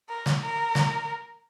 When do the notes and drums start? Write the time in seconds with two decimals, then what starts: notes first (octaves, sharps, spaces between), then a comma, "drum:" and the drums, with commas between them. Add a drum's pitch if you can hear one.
0.10 A#4
0.26 drum: snare
0.42 A#4
0.75 drum: snare